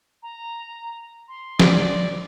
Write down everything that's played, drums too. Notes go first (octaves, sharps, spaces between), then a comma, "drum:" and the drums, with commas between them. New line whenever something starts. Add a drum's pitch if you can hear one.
A#5
C6
D5, drum: snare